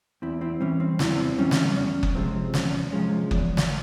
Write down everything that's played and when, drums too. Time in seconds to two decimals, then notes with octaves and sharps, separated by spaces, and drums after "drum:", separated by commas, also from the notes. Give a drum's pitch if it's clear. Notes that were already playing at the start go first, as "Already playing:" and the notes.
0.22 E2 C4 E4
0.41 C4 E4
0.61 E3 G3 C#4
0.80 C4
0.99 E2 C4 E4, drum: snare
1.38 E3 G3 C#4
1.51 drum: snare
1.77 E2 C#4
2.03 drum: kick F#1
2.15 C3 F3 G#3 C4
2.54 E2 C#4, drum: snare
2.92 C3 F3 G#3 C#4
3.31 E2, drum: kick F#1
3.57 drum: snare